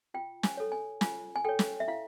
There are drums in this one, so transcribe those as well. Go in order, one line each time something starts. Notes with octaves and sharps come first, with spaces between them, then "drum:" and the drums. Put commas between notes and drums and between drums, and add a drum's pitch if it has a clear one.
F4 G5
G#5, drum: snare
A4 C#5
G#5
F4 G#5, drum: snare
G#5
A4 C#5 G5
drum: snare
E5
E4 F5